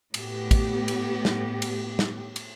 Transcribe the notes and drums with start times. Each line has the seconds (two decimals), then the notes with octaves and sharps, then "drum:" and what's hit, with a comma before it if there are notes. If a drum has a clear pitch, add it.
0.14 A2 B3 G4, drum: cymbal
0.51 drum: kick, cymbal
0.88 drum: cymbal
1.25 drum: snare
1.62 drum: cymbal
1.99 drum: snare
2.36 drum: cymbal